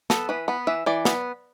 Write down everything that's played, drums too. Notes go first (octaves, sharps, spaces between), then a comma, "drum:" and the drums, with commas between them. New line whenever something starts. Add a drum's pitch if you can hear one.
B3 A4, drum: snare
E3 B4
B3 B4
E3 E5
E3 D5
B3, drum: snare